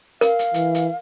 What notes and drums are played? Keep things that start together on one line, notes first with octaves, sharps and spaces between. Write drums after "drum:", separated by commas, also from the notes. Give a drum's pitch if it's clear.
A#4 F5, drum: hi-hat
drum: hi-hat
E3, drum: hi-hat
drum: hi-hat